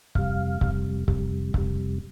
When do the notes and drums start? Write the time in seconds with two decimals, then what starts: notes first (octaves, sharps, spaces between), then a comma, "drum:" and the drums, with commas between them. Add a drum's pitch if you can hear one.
0.15 F2 C3 G3 F5, drum: kick C#1
0.61 F2 C3 G3, drum: kick C#1
1.08 F2 C3 G3, drum: kick C#1
1.54 F2 C3 G3, drum: kick C#1